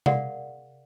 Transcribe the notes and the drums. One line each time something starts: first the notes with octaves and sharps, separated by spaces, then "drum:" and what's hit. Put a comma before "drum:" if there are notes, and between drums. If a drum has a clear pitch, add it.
G#4 A#4 D5 F5 F#5, drum: tom C3